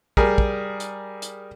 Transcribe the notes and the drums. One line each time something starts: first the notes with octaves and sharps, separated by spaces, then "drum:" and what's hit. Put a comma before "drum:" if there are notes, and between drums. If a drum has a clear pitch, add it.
G3 G#4 A#4, drum: kick
drum: kick
drum: hi-hat
drum: hi-hat